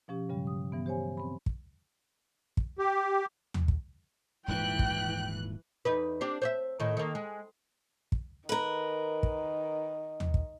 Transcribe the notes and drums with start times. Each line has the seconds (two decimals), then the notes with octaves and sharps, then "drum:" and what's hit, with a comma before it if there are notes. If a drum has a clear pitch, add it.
0.08 B2 F3 C#4 G4
0.29 G2 C#3 F#3 G3
0.47 D#6
0.72 G2 E3 B3
0.86 G4 C5 C#5 G#5
1.17 C4 B5
1.46 drum: kick
2.57 drum: kick
2.78 G4
3.54 drum: tom D#2
3.68 drum: kick
4.48 D#1 G#2 E3 F3 G5 F#6
4.79 drum: kick
5.85 E2 D#4 B4
6.21 C4 D4 G4
6.42 C5 C#5 E5
6.80 A2 D#3
6.97 D#3 A#3
7.15 G#3
8.12 drum: kick
8.49 D#3 A#4 B4
9.23 drum: kick
10.20 drum: tom D#2
10.34 drum: kick